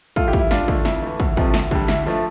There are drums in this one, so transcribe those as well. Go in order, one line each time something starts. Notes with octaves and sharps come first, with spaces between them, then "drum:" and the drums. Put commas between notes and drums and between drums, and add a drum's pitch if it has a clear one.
A2 F4 A4, drum: kick
E4 G4
G3, drum: kick
E4
G2 D4 F4, drum: snare
D3 A3, drum: kick
F2 E4, drum: snare
E3 A3
D2, drum: kick
C3 F3 A3, drum: kick
D2, drum: snare
D3 G3, drum: kick
D2 E4, drum: snare
D3 F3 A3